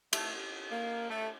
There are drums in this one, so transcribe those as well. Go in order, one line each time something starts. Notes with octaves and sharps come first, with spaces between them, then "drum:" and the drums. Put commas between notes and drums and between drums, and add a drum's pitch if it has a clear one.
A3, drum: cymbal
A#3
A3